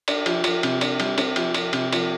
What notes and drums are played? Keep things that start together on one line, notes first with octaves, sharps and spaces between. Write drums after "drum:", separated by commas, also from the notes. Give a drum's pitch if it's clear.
D4, drum: cymbal
F3, drum: cymbal
F3, drum: cymbal
C3, drum: cymbal
D4, drum: cymbal
G3, drum: cymbal
C4, drum: cymbal
F3, drum: cymbal
F3, drum: cymbal
C3, drum: cymbal
F3, drum: cymbal